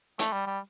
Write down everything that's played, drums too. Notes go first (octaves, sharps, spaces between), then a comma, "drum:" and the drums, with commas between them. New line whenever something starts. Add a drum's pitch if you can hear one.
A3, drum: hi-hat
G3
G3